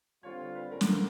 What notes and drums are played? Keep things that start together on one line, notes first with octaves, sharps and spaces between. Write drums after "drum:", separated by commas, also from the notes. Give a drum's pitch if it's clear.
D3 G3 C4 F4 C#5
B4
A2 F#3 A3 C#4 F#4 A#4
drum: snare